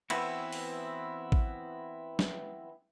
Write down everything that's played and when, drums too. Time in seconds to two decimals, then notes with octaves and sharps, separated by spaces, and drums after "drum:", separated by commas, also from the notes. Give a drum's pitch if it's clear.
0.10 E3 B3 C4 E4 F#4, drum: cymbal
0.52 drum: open hi-hat
1.32 drum: kick
2.19 drum: snare